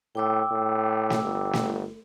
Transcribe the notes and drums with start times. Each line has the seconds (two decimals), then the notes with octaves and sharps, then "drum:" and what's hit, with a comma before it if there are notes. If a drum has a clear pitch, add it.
0.15 A2 G5 D6 E6
0.51 A2
1.10 drum: snare
1.22 G1
1.53 drum: snare